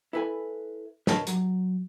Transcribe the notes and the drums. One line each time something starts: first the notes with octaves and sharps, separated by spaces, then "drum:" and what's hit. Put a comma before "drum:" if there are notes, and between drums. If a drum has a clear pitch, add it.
E4 A4 B4 E5 G#5
A#4 B4 C#5 D#5 A5, drum: snare
F#3, drum: hi-hat